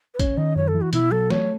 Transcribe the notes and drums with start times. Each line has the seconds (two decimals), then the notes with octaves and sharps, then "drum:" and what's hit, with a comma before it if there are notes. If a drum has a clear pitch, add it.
0.14 B4
0.19 C#4 C#5, drum: kick, hi-hat
0.37 D#3 D#5
0.56 F#2 C#5
0.68 A4
0.74 E3
0.81 F#4
0.93 B2 E4, drum: hi-hat
1.11 F#3 A4
1.30 A3 C#5, drum: snare